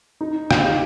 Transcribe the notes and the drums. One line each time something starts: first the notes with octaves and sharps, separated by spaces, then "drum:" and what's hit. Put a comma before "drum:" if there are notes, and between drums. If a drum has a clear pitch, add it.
D#4
F4, drum: rim click
G4